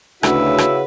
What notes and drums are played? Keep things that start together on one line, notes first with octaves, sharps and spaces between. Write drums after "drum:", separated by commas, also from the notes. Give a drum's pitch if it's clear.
D2 C#3 E4 F#4 B4, drum: rim click
drum: rim click